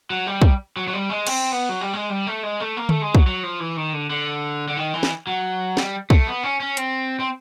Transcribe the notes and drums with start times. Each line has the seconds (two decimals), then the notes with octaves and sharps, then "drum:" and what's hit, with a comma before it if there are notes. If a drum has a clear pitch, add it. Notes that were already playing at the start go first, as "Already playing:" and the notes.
0.10 F#3
0.27 G3
0.42 drum: kick
0.77 F#3
0.88 F#3
0.93 G3
1.10 G#3
1.27 C4, drum: cymbal
1.52 B3
1.69 F#3
1.81 G3
1.93 G#3
2.10 G3
2.27 A3
2.43 G#3
2.60 A3
2.77 A#3
2.89 A3, drum: tom D3
3.02 G#3
3.15 F#3, drum: kick
3.26 F#3
3.43 F3
3.60 E3
3.77 D#3
3.93 D3
4.10 D3
4.68 D3
4.77 D#3
4.94 E3
5.03 drum: snare
5.27 F#3
5.77 G3, drum: snare
6.10 A3, drum: kick
6.27 B3
6.43 C#4
6.60 C#4
6.77 C4, drum: hi-hat
7.20 C4